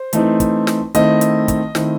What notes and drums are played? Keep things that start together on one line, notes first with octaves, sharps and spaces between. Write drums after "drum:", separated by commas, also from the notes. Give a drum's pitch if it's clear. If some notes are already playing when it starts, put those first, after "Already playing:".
Already playing: C5
E3 A3 C4 D#4, drum: hi-hat
drum: kick, hi-hat
drum: snare
D#3 A3 C4 E4 D#5, drum: hi-hat
drum: hi-hat
drum: kick, hi-hat
D#3 A3 C4 E4, drum: snare